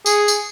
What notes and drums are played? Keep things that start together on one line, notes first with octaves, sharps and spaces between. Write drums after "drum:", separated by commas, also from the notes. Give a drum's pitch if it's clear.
G#4, drum: tambourine
drum: tambourine